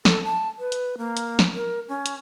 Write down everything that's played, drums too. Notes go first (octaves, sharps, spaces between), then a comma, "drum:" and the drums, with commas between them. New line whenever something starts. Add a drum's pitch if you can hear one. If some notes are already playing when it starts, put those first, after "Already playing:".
A4, drum: snare
A5
B4
drum: hi-hat
A#3
drum: hi-hat
drum: snare
A#4
C#4
drum: hi-hat